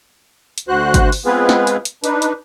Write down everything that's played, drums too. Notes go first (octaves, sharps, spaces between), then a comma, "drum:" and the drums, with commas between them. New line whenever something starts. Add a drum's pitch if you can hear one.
drum: hi-hat
D2 F#4 C5 F#6
drum: kick G1, hi-hat
drum: open hi-hat
G#3 B3 C4 F4 G#4 B4
drum: snare
drum: hi-hat
drum: hi-hat
D4 D#4 B4, drum: hi-hat
drum: hi-hat